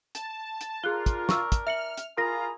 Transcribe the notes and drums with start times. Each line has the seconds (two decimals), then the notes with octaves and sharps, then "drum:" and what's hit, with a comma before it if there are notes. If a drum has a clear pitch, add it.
0.15 A5, drum: hi-hat
0.61 drum: hi-hat
0.84 D4 F4 G#4 A#4 F#6 G7
1.06 drum: kick, hi-hat
1.29 C#6 E6, drum: snare
1.52 drum: kick, hi-hat
1.67 E5 F6 C#7 F#7
1.97 drum: hi-hat
2.17 E4 F4 G#4 A#4 A#5 A#6